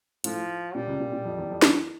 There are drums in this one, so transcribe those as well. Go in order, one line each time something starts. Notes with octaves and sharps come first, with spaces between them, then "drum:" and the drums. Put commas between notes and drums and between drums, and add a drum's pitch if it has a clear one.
A2 F3, drum: hi-hat
A#2 G3
C#2 C#3
A#2
A#2
F2 F3
E2 E3
F2 F3
E2 E3, drum: snare